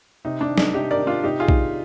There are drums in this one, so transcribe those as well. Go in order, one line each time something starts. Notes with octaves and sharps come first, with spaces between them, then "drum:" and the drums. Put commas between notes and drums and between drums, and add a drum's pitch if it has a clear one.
C3 D#4
D4
D#3
D#4, drum: snare
C3 D#4 G4
A#4 D5
D#3
D4 F4
C3 D#4 G4
F4 G#4
D#3, drum: kick A#1